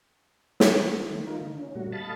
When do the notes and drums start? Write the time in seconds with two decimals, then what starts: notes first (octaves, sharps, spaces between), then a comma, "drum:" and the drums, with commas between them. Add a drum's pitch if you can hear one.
0.60 drum: snare
1.10 D#3 A3
1.27 D#4 F4 A#4
1.41 D3
1.59 C#4
1.75 A#2 G3 A3 F#4
1.92 A4 D#5 F5 A5 B5 A6